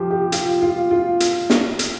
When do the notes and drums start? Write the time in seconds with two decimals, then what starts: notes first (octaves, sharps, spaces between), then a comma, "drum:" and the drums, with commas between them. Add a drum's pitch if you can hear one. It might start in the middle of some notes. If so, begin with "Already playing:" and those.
Already playing: F3 G4
0.11 G4
0.32 F4, drum: hi-hat
0.62 F4
0.91 F4
1.20 drum: hi-hat
1.50 drum: snare
1.79 drum: hi-hat